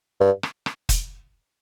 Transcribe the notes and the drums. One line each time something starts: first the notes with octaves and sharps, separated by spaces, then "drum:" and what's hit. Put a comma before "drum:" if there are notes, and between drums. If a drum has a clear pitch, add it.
G2
drum: rim click
drum: rim click
drum: kick, hi-hat